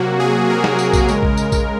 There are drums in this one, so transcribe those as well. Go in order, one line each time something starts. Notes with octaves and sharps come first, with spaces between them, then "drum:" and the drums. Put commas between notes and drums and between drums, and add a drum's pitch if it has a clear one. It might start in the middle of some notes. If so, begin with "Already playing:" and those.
Already playing: C3 F#3 A#3 F#4
G#4
A#4
drum: snare
drum: tambourine
drum: kick A#1, tambourine
C#3 G#3, drum: tambourine
drum: kick A#1
drum: tambourine
drum: kick A#1, tambourine